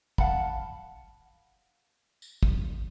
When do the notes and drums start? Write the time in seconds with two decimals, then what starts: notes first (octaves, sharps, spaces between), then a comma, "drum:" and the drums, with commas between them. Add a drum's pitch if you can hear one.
0.18 F5 F#5 A5 B5, drum: kick
2.22 drum: tambourine
2.43 drum: kick